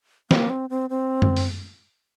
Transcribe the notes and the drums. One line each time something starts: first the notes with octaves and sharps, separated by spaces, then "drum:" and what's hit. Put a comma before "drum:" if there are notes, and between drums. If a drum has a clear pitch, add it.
A#3, drum: snare
C4
C4
C4
drum: tom F#2
drum: open hi-hat